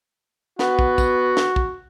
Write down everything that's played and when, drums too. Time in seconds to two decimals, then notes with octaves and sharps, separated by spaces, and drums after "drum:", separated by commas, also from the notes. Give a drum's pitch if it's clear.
0.59 B3 F#4, drum: snare
0.79 drum: kick
0.98 drum: kick, tambourine
1.37 drum: snare
1.56 drum: kick